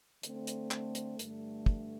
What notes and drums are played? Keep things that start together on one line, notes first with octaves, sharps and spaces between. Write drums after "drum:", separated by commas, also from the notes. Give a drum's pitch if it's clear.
D3 A3 C4, drum: hi-hat
drum: hi-hat
drum: clap
drum: hi-hat
G2 D3 A3, drum: hi-hat
drum: kick